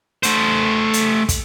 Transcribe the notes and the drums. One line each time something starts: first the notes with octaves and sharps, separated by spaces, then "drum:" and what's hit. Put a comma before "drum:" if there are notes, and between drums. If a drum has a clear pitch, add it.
A3 C5, drum: hi-hat
drum: hi-hat
drum: kick, hi-hat